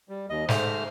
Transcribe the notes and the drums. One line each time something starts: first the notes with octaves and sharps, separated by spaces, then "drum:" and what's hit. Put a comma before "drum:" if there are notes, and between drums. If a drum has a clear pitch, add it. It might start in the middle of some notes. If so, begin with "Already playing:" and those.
G3
D#2 D#5
G#2 A3 C5 F6, drum: snare